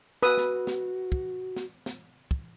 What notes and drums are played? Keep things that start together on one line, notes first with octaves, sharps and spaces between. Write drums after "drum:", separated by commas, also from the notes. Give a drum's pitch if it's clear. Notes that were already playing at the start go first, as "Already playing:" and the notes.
F#4 B4 D#6 E6
drum: snare
drum: snare
drum: kick
drum: snare
drum: snare
drum: kick